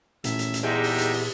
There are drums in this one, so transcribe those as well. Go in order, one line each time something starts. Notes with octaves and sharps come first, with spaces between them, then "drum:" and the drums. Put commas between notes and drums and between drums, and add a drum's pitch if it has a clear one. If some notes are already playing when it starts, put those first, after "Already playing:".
A1 A#2 E5, drum: hi-hat
drum: hi-hat
drum: hi-hat
E2 G3 G#3 D#4 E5 G5
drum: open hi-hat
drum: hi-hat
drum: open hi-hat